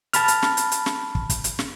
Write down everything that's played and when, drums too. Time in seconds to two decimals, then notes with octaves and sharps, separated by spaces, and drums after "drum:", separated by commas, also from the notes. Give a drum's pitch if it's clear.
0.13 A5 B5 F6, drum: hi-hat
0.28 drum: hi-hat
0.42 drum: snare
0.57 drum: hi-hat
0.72 drum: hi-hat
0.86 drum: snare
1.15 drum: kick
1.30 drum: kick, hi-hat
1.44 drum: hi-hat
1.59 drum: snare